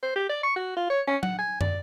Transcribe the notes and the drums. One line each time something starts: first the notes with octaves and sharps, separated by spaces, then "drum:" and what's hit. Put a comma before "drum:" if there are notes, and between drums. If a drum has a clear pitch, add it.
C5
G4
D5
C#6
F#4
F4
C#5
C#4
F#5, drum: tom F#3
G#5
D5, drum: tom